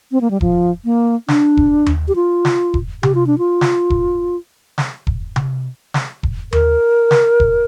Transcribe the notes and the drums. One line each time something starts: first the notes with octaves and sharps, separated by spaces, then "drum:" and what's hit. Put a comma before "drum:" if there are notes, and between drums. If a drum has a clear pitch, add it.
C4
A#3
G3
F3, drum: kick E1
A#3
D4, drum: snare
drum: kick E1
drum: tom D#2
G4
F4
drum: snare
drum: kick E1
G4, drum: tom C3
F4
D4
F4
drum: snare
drum: kick E1
drum: snare
drum: kick E1
drum: tom C3
drum: snare
drum: kick E1
A#4, drum: tom D#2
drum: snare
drum: kick E1